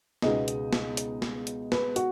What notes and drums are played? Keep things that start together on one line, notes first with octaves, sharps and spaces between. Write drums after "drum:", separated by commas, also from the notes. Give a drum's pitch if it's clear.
C#2 B2 G#3 B3 D#4 D#5, drum: snare
drum: hi-hat
drum: snare
drum: hi-hat
drum: snare
drum: hi-hat
B4, drum: snare
F#4, drum: hi-hat